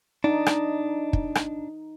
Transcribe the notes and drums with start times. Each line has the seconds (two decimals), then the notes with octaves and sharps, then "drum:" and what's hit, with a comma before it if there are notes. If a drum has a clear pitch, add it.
0.24 D4 D#4
0.46 drum: rim click
1.13 drum: kick
1.35 drum: rim click